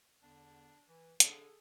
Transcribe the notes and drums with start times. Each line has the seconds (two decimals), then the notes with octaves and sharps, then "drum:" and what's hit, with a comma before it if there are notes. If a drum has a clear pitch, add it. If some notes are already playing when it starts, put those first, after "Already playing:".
0.23 E2 D3 B3 D4
0.88 E3
1.20 D3 G#4 A4, drum: hi-hat